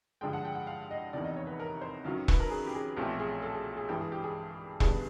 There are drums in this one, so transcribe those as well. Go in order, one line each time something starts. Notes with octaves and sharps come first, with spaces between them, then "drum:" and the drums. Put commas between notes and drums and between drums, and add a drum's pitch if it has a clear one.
G2 D3 F3 G#3 G5
F#5
G5
F#5
F5
D#5
F1 E2 C3 D#3 D5
D#5
C#5
B4
A#4
C5
F#2 D#3 F#3 F5
B4, drum: kick E1
A#4
G#4
G4
G#4
B1 A#2 F3 A3 C4 G4
G#4
A4
G#4
G#4
G2 E3 G#3 G4
G#4
G4
G#4
A1 G2 D3 G3 B3 G#4, drum: kick E1